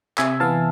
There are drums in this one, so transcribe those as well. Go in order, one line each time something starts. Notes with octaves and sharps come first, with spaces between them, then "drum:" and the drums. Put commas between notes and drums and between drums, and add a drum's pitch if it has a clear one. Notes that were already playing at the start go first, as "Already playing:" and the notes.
C3 E5 G#5, drum: clap
E3 B3 F5 A5